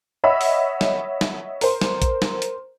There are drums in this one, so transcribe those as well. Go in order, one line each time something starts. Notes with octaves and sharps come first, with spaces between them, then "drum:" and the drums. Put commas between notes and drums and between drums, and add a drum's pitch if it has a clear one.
C#5 D#5 E5 F#5 B5 E6
drum: open hi-hat
drum: snare
drum: snare
A#4 C5, drum: open hi-hat
drum: snare
drum: kick, hi-hat
drum: snare
drum: hi-hat